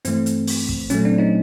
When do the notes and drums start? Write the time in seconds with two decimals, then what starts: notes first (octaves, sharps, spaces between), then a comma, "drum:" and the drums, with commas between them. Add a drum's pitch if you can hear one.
0.05 G2 E3 A3 C4, drum: hi-hat
0.26 drum: hi-hat
0.47 drum: open hi-hat
0.69 drum: kick
0.90 A#2 F#3 A3 C#4, drum: hi-hat
1.05 C4 D4
1.18 C#4 D#4